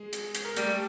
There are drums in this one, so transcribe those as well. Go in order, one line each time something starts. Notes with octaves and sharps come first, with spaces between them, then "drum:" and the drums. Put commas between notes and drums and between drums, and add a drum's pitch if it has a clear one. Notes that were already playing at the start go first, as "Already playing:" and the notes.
Already playing: G#3 G#4
drum: hi-hat
drum: hi-hat
A#4
G3 A3 A4, drum: hi-hat